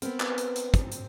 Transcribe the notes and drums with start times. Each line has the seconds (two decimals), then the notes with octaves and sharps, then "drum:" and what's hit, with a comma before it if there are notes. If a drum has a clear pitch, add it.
0.02 B3 C4 A#4, drum: hi-hat
0.20 drum: clap
0.38 drum: hi-hat
0.56 drum: hi-hat
0.74 drum: kick, hi-hat
0.92 drum: hi-hat